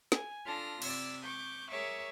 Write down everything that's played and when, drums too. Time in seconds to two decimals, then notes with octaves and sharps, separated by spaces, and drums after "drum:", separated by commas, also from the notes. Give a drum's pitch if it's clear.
0.12 G#5, drum: snare
0.45 D4 F4 A4 F6 A#6
0.82 C3 D5 E6, drum: cymbal
1.22 C#6 D6 G6
1.70 G#4 A#4 C#5 E5 C#6 D6